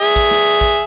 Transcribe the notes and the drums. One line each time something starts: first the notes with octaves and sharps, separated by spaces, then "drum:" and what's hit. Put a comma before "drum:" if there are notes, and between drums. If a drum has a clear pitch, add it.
G#4 E5
drum: kick
drum: snare
drum: kick